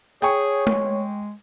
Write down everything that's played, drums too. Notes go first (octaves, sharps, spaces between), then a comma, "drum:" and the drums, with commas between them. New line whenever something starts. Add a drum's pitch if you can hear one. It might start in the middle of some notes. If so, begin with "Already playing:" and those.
G#4 C#5 G5 G#5 C#6
G#3, drum: tom G#3